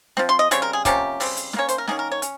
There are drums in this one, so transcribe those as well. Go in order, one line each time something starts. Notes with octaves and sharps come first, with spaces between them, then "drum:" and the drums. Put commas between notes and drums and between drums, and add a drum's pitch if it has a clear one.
F3 C4, drum: snare
C6
D#5
C#3 G3 C4 C#5, drum: hi-hat
A#4
G#4
C3 F3 A#3 C#4 G4, drum: kick, hi-hat
C#3 G3 C4, drum: open hi-hat
drum: hi-hat
D#3, drum: snare
A#3 C#4 C#5
C5, drum: hi-hat
A#4
D#3 A#3 C#4 G#4, drum: snare
A#4
C#5
C#4, drum: hi-hat